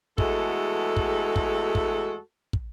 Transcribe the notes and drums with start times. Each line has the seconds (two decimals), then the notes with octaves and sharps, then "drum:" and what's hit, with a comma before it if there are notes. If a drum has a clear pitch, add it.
0.18 E2 G#3 A3 F#4 A4, drum: kick
0.97 drum: kick
1.36 drum: kick
1.75 drum: kick
2.53 drum: kick